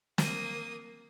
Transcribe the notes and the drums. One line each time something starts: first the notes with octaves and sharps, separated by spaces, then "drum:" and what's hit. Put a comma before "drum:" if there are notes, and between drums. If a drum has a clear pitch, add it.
A#3 D#6, drum: snare